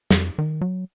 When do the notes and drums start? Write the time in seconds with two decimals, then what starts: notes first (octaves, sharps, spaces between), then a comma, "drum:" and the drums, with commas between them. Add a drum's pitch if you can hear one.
0.10 F2, drum: snare
0.38 D#3
0.61 F#3